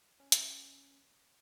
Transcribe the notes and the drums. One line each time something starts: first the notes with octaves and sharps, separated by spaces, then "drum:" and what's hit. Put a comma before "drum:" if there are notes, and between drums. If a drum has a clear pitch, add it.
C#4
drum: hi-hat